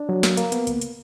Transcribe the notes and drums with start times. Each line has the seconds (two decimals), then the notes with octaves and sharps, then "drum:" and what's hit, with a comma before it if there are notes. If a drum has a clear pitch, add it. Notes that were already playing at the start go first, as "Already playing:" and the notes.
Already playing: D4
0.09 F#3
0.23 A#3, drum: snare
0.37 A#3, drum: hi-hat
0.52 B3, drum: hi-hat
0.67 C#2, drum: hi-hat
0.81 drum: hi-hat